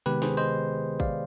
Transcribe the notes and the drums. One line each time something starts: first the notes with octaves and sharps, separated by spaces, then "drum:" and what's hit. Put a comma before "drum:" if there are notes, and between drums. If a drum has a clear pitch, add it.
C3 D#3 G#3 B3 G4 B4
G#4 C5, drum: snare
C5 D#5
D5 F5, drum: kick